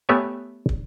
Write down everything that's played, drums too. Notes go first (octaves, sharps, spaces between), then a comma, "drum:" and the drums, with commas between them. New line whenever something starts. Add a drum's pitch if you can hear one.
A3 B3 G4 C#5 E5 G#5
drum: kick